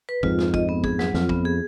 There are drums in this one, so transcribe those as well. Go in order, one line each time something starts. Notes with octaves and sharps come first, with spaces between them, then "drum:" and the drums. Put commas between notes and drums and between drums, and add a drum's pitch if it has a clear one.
B4
F2 G#2 F4, drum: kick
F4, drum: snare
D#5, drum: kick
B3
G#4, drum: kick
F#3, drum: snare
F2 F4, drum: snare
B3, drum: kick
G#4